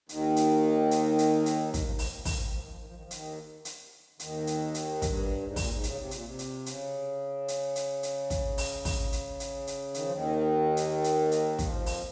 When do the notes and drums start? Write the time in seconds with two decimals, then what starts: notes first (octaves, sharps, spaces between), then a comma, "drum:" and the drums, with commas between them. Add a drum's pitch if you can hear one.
0.09 D#2 D#3, drum: hi-hat
0.36 drum: hi-hat
0.91 drum: hi-hat
1.19 drum: hi-hat
1.46 drum: hi-hat
1.74 D#3, drum: kick, hi-hat
1.82 F3
1.91 D#3
1.99 F3, drum: open hi-hat
2.07 D#3
2.16 F3
2.25 D#3, drum: kick, open hi-hat
2.34 F3
2.42 D#3
2.51 F3
2.60 D#3
2.68 F3
2.77 D#3
2.86 F3
2.94 D#3
3.03 F3
3.11 D#2 D#3, drum: hi-hat
3.65 drum: hi-hat
4.19 D#2 D#3, drum: hi-hat
4.47 drum: hi-hat
4.74 drum: hi-hat
5.02 G2, drum: kick, hi-hat
5.43 G#2
5.56 A#2, drum: kick, open hi-hat
5.70 G#2
5.83 C#3, drum: hi-hat
5.98 C3
6.11 A#2, drum: hi-hat
6.25 C3
6.39 drum: hi-hat
6.66 C#3, drum: hi-hat
7.48 drum: hi-hat
7.76 drum: hi-hat
8.03 drum: hi-hat
8.30 drum: kick, hi-hat
8.58 drum: open hi-hat
8.85 drum: kick, open hi-hat
9.12 drum: hi-hat
9.40 drum: hi-hat
9.67 drum: hi-hat
9.94 D#3, drum: hi-hat
10.04 F3
10.12 D#2 D#3
10.77 drum: hi-hat
11.04 drum: hi-hat
11.32 drum: hi-hat
11.59 F2 F3, drum: kick, hi-hat
11.86 drum: open hi-hat